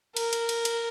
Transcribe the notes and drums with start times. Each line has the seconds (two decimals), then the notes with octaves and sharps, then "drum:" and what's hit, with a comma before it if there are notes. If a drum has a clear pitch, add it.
0.17 A#4, drum: cymbal
0.33 drum: cymbal
0.49 drum: cymbal
0.65 drum: cymbal